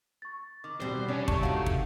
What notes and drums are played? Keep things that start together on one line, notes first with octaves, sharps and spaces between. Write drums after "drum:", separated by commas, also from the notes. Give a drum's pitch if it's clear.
C#6 A6
D#3 D6
E2 B2 G3 C4 C5
C3 C#4 D4 G4
A2 D#3 A3 A5 C#6, drum: kick
D#2 F#4 F5
drum: kick